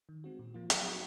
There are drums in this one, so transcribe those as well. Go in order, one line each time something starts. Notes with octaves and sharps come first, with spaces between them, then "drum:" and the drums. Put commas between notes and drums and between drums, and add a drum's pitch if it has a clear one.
D#3
G#3 C4 F#4
A#2
F3 A#3 F4
F#3, drum: hi-hat
C4 D#4 F#4